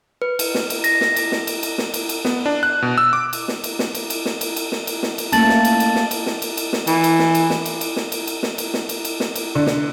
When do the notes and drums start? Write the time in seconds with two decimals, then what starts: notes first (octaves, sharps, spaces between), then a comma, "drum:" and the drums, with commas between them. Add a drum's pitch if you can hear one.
0.22 B4
0.39 drum: cymbal
0.55 drum: snare
0.70 drum: cymbal
0.84 A#6, drum: cymbal
1.01 drum: snare
1.16 drum: cymbal
1.32 drum: snare
1.47 drum: cymbal
1.63 drum: cymbal
1.78 drum: snare
1.94 drum: cymbal
2.09 drum: cymbal
2.25 B3, drum: snare
2.46 D4
2.63 F#6
2.82 B2
2.98 E6
3.13 D6
3.33 drum: cymbal
3.48 drum: snare
3.64 drum: cymbal
3.79 drum: snare
3.95 drum: cymbal
4.10 drum: cymbal
4.26 drum: snare
4.41 drum: cymbal
4.56 drum: cymbal
4.72 drum: snare
4.87 drum: cymbal
5.03 drum: snare
5.18 drum: cymbal
5.32 A3 A#3 C#4 A5 A6 F#7, drum: cymbal
5.49 drum: snare
5.65 drum: cymbal
5.80 drum: cymbal
5.96 drum: snare
6.11 drum: cymbal
6.26 drum: snare
6.42 drum: cymbal
6.57 drum: cymbal
6.73 drum: snare
6.87 E3, drum: cymbal
7.04 drum: cymbal
7.19 drum: snare
7.35 drum: cymbal
7.50 drum: snare
7.66 drum: cymbal
7.81 drum: cymbal
7.96 drum: snare
8.12 drum: cymbal
8.27 drum: cymbal
8.43 drum: snare
8.58 drum: cymbal
8.74 drum: snare
8.89 drum: cymbal
9.05 drum: cymbal
9.20 drum: snare
9.36 drum: cymbal
9.55 D3
9.66 drum: snare